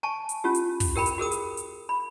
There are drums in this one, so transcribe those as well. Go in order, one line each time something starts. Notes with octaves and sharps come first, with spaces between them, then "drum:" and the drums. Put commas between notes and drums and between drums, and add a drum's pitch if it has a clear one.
G#5 A5 C#6
drum: hi-hat
C#4 F4 G4
drum: hi-hat
drum: kick, open hi-hat
G4 A#4 G5 B5
drum: hi-hat
F#4 G#4 A#4 D#6
drum: hi-hat
drum: hi-hat
B5